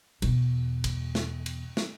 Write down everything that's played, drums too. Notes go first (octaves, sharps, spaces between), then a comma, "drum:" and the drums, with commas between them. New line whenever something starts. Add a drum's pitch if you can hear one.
E2 B2, drum: cymbal
drum: kick, cymbal
drum: snare
drum: cymbal
drum: snare